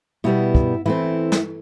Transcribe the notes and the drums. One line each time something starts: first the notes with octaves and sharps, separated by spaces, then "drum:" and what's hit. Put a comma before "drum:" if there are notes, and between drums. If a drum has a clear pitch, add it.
B2 G3 B3 E4
drum: kick
E3 A3 C4 E4
drum: snare